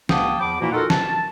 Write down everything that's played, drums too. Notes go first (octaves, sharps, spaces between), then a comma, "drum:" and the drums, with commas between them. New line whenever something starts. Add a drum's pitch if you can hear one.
C#2 A#3 F#5 G5 A5 D#6, drum: snare
E2 F3 B5 D6
A#2 E3 F3 A#3 E4 F#4
D#4 F4 F#4 A4 A#4 F#5
A5, drum: snare